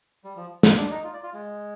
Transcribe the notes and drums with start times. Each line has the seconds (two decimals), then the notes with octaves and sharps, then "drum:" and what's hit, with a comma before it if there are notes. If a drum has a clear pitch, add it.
0.24 G3
0.37 F3
0.63 A#3, drum: snare
0.77 D4
0.90 D#4
1.04 F4
1.14 D5
1.23 F4
1.34 G#3